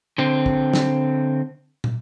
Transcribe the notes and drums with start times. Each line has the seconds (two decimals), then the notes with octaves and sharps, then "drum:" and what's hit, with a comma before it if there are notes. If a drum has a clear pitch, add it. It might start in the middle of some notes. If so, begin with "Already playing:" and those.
0.18 D3 C4
0.46 drum: kick
0.74 drum: snare
1.84 drum: tom